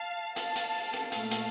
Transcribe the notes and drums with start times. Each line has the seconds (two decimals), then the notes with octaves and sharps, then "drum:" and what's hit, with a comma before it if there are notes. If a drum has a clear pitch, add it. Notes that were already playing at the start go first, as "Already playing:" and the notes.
Already playing: F5 A5
0.36 F5 A5, drum: hi-hat
0.56 drum: hi-hat
0.75 drum: open hi-hat
0.94 drum: hi-hat
1.12 A#2 A3 F5 A5, drum: hi-hat
1.31 drum: hi-hat